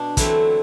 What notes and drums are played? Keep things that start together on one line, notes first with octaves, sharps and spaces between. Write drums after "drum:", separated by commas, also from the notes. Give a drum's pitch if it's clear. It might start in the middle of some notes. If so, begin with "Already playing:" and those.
Already playing: B2 D4
E2 D3 F#3 A3 C4 E4, drum: kick, hi-hat